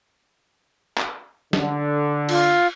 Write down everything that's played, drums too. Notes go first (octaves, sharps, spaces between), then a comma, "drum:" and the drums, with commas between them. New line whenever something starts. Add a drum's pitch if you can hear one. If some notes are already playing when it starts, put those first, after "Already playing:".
drum: clap
D3, drum: snare
F4, drum: cymbal